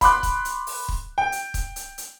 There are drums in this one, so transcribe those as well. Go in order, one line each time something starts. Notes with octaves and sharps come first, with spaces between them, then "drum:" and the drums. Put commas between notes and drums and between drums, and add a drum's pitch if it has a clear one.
B5 C6 D6 F#6, drum: kick, hi-hat
drum: kick, hi-hat
drum: hi-hat
drum: open hi-hat
drum: kick
G5
drum: hi-hat
drum: kick, hi-hat
drum: hi-hat
drum: hi-hat